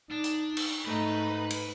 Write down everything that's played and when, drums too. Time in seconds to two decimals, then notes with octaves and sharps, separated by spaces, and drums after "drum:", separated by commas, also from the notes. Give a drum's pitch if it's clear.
0.11 D4 D#4
0.24 drum: hi-hat
0.57 drum: cymbal
0.85 G#2 A3 D#4 B4
1.50 drum: cymbal